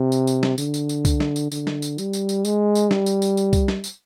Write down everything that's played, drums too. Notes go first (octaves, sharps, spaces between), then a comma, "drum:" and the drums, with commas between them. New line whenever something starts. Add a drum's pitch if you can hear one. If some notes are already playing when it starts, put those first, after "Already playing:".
Already playing: C3
drum: tambourine
drum: tambourine
drum: snare
D3, drum: tambourine
drum: tambourine
drum: tambourine
drum: kick C2, tambourine
drum: snare
drum: tambourine
D3, drum: tambourine
drum: snare
drum: tambourine
G3, drum: tambourine
drum: tambourine
drum: tambourine
G#3, drum: tambourine
drum: tambourine
G3, drum: snare
drum: tambourine
drum: tambourine
drum: tambourine
drum: kick C2, tambourine
drum: snare
drum: tambourine